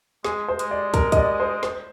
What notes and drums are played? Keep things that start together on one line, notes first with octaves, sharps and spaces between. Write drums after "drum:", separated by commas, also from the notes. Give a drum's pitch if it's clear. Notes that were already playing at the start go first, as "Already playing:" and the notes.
G#3 G#4, drum: snare
C5
G#3, drum: hi-hat
D5
A#4, drum: kick, hi-hat
D#5, drum: kick, hi-hat
D5
C5
C5, drum: snare